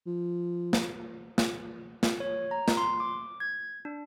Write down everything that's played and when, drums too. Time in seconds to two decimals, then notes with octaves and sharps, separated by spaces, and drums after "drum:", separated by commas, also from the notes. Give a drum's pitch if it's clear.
0.06 F3
0.73 drum: snare
1.38 drum: snare
2.03 drum: snare
2.20 C#5
2.51 A#5
2.68 drum: snare
2.77 C6
3.00 D6
3.40 G#6
3.85 D4